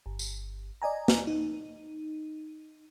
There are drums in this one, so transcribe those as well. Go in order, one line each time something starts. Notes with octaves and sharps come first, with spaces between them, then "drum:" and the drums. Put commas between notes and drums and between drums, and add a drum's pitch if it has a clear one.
G1
drum: tambourine
D5 D#5 G#5 A#5
drum: snare
D#4